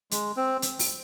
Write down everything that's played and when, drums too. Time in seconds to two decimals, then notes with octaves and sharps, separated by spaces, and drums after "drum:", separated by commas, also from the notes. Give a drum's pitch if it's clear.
0.11 G#3, drum: hi-hat
0.37 C4
0.62 drum: hi-hat
0.79 drum: open hi-hat